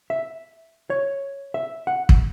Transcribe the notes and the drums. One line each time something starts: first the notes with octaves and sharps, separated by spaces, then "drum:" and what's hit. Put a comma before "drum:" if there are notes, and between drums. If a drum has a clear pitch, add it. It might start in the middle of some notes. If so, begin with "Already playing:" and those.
E5
C#5
E5
F#5
drum: kick